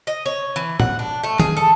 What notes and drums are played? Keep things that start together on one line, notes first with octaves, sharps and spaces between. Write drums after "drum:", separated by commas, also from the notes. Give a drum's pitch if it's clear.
D#5
C#5
E3
F#5, drum: tom
D4
A3
G#4, drum: tom
A4